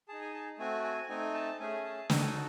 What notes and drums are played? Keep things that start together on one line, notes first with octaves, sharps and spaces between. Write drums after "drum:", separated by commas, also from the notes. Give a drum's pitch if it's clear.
D#4 G#4 A5
G#5
A5
A3 C4 F#4 G#5
G#5
A3 C4 D#4 G#5
A5
A3 C#4 G#4 G#5
A5
D#4 F#4 A4 G#5, drum: snare